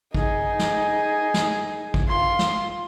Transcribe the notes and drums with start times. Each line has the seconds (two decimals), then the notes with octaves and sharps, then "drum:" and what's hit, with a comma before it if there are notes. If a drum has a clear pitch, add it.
0.14 D#4 G#4, drum: kick
0.59 drum: snare
1.34 drum: snare
1.94 drum: kick
2.08 F4 C6
2.39 drum: snare